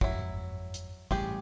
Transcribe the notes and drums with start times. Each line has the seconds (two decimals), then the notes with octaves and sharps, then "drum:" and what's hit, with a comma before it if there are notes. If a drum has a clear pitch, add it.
0.01 G1 F2 G#2 F#3 E4, drum: kick
0.74 drum: hi-hat
1.11 A1 G3 G4 G#4, drum: kick